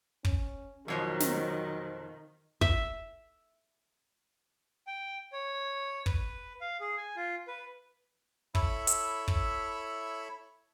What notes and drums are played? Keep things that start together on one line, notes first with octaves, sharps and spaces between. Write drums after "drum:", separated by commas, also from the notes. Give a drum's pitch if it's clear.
C#4, drum: kick
F2 B2 D#3 F3 F#3
drum: snare
E5, drum: kick
G5
C#5
B4, drum: kick
F5
G#4
G#5
F4
B4
E4 A4 C#5 E5 B5 E6, drum: kick
drum: hi-hat
drum: kick